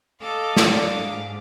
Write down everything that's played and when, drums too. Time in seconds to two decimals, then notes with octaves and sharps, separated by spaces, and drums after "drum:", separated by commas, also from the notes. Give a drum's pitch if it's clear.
0.21 A4 D#5 F5 D6
0.57 D4 B5, drum: snare
0.99 G#2